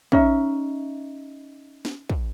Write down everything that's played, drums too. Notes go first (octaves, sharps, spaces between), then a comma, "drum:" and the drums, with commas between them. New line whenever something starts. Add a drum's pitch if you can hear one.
C#4 D#4 E5, drum: kick
drum: snare C#4
drum: kick